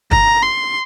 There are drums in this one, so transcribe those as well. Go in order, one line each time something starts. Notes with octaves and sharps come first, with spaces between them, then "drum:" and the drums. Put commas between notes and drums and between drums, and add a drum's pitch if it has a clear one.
A#5, drum: kick
C6